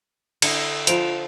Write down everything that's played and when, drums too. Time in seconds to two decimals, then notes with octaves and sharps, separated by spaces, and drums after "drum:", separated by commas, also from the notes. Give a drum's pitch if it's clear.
0.42 D3 E4 D#5 C#7, drum: cymbal
0.87 F3 F4 C5 D7 F7, drum: hi-hat